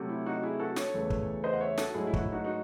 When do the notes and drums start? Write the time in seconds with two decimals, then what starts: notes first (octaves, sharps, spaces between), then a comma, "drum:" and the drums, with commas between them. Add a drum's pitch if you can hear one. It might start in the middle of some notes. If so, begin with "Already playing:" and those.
Already playing: C3 F#3 A3
0.09 E4
0.26 D#4 F#4
0.43 E4 G#4
0.60 F#4 A4
0.76 A4 C#5, drum: snare
0.94 E2 C#3 E3 A3
1.10 drum: kick
1.44 C5 D#5
1.53 F#5
1.61 C#5 E5
1.78 F#4 A4, drum: snare
1.94 G#2 F#3 A3 E4 G#4
2.07 E4
2.14 F#4, drum: kick
2.20 E4
2.32 D#4 F#4
2.44 D#4 F#4